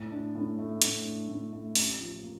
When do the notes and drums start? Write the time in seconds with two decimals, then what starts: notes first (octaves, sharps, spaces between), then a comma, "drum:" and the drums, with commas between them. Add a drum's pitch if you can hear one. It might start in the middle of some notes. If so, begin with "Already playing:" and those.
Already playing: A2
0.11 D4
0.35 A2
0.59 A3
0.82 A2, drum: hi-hat
1.05 D4
1.29 A2
1.53 A3
1.75 A1, drum: open hi-hat
2.00 F3
2.23 A#3